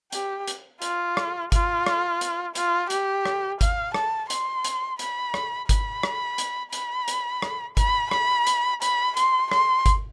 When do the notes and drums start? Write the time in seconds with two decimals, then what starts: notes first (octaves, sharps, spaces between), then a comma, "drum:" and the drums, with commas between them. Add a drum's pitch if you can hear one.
0.12 G4, drum: hi-hat
0.47 drum: hi-hat
0.82 F4, drum: hi-hat
1.17 drum: rim click
1.52 F4, drum: kick G1, hi-hat
1.86 drum: rim click
2.21 drum: hi-hat
2.55 F4, drum: hi-hat
2.90 G4, drum: hi-hat
3.25 drum: rim click
3.61 F5, drum: kick G1, hi-hat
3.94 A5, drum: rim click
4.30 C6, drum: hi-hat
4.64 drum: hi-hat
4.99 B5, drum: hi-hat
5.34 drum: rim click
5.69 B5, drum: kick G1, hi-hat
6.03 drum: rim click
6.38 drum: hi-hat
6.73 B5, drum: hi-hat
7.08 drum: hi-hat
7.42 drum: rim click
7.77 B5, drum: kick G1, hi-hat
8.11 B5, drum: rim click
8.47 drum: hi-hat
8.82 B5, drum: hi-hat
9.17 C6, drum: hi-hat
9.52 C6, drum: rim click
9.86 drum: kick G1, hi-hat